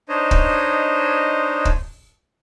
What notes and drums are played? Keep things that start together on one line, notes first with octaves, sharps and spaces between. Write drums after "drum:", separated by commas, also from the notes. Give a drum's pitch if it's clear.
D4 D#4 C5 C#5 D#5
drum: kick
drum: kick